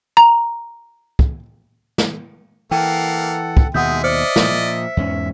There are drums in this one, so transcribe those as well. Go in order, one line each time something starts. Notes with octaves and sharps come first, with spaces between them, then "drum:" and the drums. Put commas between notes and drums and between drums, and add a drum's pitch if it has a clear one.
A#5
drum: kick
drum: snare
E3 A#3 A4 F#5 G5
drum: kick
D#2 B2 G#3 E5 F#5 D#6 G6
C5 D5 D#5 F6 C#7
A#2 F3, drum: snare
E2 G#2 C#4